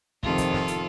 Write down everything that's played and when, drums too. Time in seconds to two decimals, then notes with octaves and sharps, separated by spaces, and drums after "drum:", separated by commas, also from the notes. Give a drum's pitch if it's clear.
0.23 F2 C3 D#3 F4 A4, drum: kick
0.38 drum: kick, hi-hat
0.53 drum: snare
0.68 drum: hi-hat